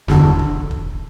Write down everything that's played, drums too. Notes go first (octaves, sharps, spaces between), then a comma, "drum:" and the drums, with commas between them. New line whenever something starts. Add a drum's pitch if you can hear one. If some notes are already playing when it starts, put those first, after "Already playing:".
F#1 E2 D3, drum: snare
drum: kick
drum: kick